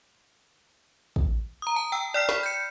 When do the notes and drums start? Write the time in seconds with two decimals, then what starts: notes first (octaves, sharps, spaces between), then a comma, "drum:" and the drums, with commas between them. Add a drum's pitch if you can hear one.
1.16 drum: kick
1.62 A#5 D#6
1.76 A5
1.92 G5 E6
2.14 D5 G5 F6 B6 C7
2.29 B5, drum: snare
2.43 G6 C#7